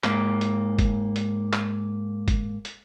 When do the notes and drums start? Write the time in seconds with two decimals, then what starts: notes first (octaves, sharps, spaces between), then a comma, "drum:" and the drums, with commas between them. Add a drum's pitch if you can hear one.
0.04 G#2 A#3, drum: clap
0.41 drum: hi-hat
0.79 drum: kick G1, hi-hat
1.16 drum: hi-hat
1.53 drum: clap
2.28 drum: kick G1, hi-hat
2.65 drum: hi-hat